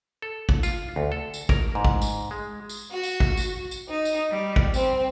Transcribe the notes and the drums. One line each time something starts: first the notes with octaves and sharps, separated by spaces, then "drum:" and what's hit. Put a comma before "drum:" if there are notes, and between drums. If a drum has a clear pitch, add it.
A4
drum: kick
F4, drum: tambourine
D2
A4
drum: tambourine
A#4, drum: kick
G#2
drum: kick
drum: tambourine
G#3
drum: tambourine
F#4
drum: tambourine
drum: kick
drum: tambourine
drum: tambourine
D#4
drum: tambourine
G3
drum: kick
C4, drum: tambourine